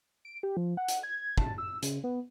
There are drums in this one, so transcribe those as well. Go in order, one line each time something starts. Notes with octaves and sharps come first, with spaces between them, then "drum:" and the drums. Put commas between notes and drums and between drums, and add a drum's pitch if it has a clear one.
D7
G4
F3
F#5
drum: hi-hat
G#6
A5, drum: kick
E6
C#3, drum: hi-hat
B3